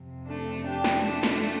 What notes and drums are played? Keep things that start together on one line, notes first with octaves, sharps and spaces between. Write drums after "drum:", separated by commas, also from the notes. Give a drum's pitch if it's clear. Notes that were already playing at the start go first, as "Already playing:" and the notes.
Already playing: F2 C3
A3 D4
D4 G4
drum: snare
A3 D4
drum: snare